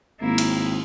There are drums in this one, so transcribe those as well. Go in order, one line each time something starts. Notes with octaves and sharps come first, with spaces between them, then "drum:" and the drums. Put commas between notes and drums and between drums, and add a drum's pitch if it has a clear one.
G#1 A#3 E4
drum: cymbal